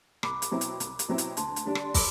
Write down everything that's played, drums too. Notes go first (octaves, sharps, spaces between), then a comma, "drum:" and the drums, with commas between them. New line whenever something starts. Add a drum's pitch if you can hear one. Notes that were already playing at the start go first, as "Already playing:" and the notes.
C2 B5 D6, drum: rim click
drum: hi-hat
B2 F#3 C4 E4
drum: hi-hat
C2, drum: hi-hat
drum: hi-hat
B2 F#3 C4 E4
drum: hi-hat
D2 A5 C6, drum: hi-hat
drum: hi-hat
D3 G3 D4
drum: rim click
C6
B5 D6, drum: kick, open hi-hat